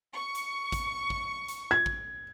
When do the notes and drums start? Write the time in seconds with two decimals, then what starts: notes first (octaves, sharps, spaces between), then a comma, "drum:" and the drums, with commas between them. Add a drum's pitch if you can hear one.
0.16 C#6
0.35 drum: hi-hat
0.72 drum: kick, hi-hat
1.10 drum: kick
1.48 drum: hi-hat
1.71 G#6
1.86 drum: kick